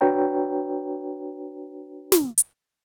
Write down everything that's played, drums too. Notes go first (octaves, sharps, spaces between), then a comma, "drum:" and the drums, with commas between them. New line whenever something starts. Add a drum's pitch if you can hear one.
D4 F#4 B4 C#5 G5 A#5
drum: snare
drum: hi-hat